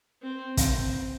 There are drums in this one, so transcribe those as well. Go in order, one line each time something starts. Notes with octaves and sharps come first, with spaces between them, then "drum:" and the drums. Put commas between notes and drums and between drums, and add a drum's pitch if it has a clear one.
C4
C4, drum: kick, hi-hat